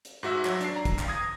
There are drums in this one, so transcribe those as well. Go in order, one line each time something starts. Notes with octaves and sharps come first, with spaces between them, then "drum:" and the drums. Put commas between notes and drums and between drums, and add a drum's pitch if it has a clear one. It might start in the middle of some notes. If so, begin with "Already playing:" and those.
drum: hi-hat
G#2 F#4 E5 E6
F#3, drum: clap
D4 C7, drum: hi-hat
A#5
drum: kick, hi-hat
drum: clap
D#6 G#6 A#6